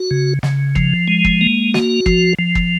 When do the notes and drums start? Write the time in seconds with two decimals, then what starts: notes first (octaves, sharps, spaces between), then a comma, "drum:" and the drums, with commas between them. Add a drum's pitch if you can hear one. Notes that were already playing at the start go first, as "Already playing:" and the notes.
Already playing: F#4
0.11 C#3
0.43 C#3, drum: snare
0.75 F3, drum: kick
1.08 G#3
1.25 drum: kick
1.41 A#3
1.74 F#4, drum: snare
2.06 F3, drum: kick
2.39 F3
2.55 drum: kick